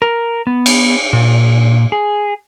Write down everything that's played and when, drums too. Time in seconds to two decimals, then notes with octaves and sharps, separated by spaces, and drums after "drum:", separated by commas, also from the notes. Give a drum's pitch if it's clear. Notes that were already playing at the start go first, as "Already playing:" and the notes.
0.02 A#4
0.47 B3
0.66 drum: cymbal
1.13 A#2
1.92 G#4